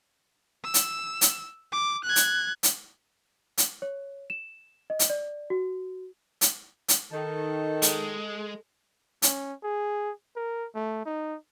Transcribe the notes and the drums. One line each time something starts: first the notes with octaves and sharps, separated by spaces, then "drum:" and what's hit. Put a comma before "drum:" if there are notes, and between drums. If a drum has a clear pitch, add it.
E6
drum: hi-hat
drum: hi-hat
D6
F#6 G#6
drum: hi-hat
drum: hi-hat
drum: hi-hat
C#5
E7
D#5
drum: hi-hat
D5
F#4
drum: hi-hat
drum: hi-hat
D#3 A4
G#3, drum: hi-hat
C#4, drum: hi-hat
G#4
A#4
A3
D#4